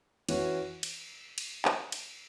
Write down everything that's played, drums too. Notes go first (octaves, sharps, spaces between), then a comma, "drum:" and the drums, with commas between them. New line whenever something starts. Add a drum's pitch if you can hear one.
E3 C#4 F#4, drum: cymbal
drum: cymbal
drum: cymbal
drum: clap
drum: cymbal